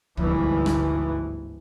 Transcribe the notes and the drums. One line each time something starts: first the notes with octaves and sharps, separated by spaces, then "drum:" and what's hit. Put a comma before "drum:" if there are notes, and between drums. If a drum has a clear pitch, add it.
G1 D2 G#2 E3 F3, drum: kick
drum: rim click